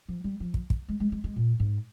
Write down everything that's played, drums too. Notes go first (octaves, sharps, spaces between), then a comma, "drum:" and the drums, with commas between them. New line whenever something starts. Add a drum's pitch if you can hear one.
F3
G3
F3
drum: kick
drum: kick
G#3
G#3
G#3
G#3
A#2
G#2